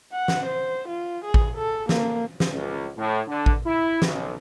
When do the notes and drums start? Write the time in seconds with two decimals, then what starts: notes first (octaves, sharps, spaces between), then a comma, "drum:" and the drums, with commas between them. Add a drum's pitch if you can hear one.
0.13 F#5
0.28 drum: snare
0.46 C5
0.88 F4
1.25 G#4
1.34 drum: kick A1
1.57 A4
1.89 A#3, drum: snare
2.40 drum: snare
2.51 C#2
2.97 A2
3.28 D3
3.46 drum: kick A1
3.66 E4
4.02 B1, drum: snare